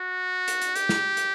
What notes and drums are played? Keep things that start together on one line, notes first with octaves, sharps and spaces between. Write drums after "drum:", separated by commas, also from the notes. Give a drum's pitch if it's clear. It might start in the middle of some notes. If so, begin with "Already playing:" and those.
Already playing: F#4
drum: hi-hat
drum: hi-hat
G4, drum: hi-hat
drum: snare
drum: hi-hat